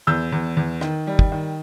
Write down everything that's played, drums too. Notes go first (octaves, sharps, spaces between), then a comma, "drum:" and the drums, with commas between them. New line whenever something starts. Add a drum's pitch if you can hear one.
E2 E6 G6
E2
E2
D#3, drum: rim click
G3
drum: kick
D#3